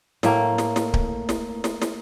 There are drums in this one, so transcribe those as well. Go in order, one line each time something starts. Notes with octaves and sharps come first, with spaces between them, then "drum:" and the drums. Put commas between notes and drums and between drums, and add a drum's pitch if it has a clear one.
A2 A3 A#3, drum: snare
drum: snare
drum: snare
drum: kick D1
drum: snare
drum: snare
drum: snare